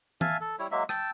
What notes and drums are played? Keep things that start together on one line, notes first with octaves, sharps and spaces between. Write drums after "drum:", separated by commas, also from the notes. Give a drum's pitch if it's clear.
E5 F5 G#5 A5, drum: tom E3
A4
G3 E4 C#5
F#3 G#3 A#3 E5
G5 A5 E6, drum: rim click